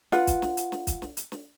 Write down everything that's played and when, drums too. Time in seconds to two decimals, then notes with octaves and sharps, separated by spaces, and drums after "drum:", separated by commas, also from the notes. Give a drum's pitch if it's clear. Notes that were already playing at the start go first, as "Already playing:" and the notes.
0.12 F4 B4 F#5, drum: snare
0.27 drum: kick, hi-hat
0.42 drum: snare
0.57 drum: hi-hat
0.72 drum: snare
0.87 drum: kick, hi-hat
1.02 drum: snare
1.17 drum: hi-hat
1.32 drum: snare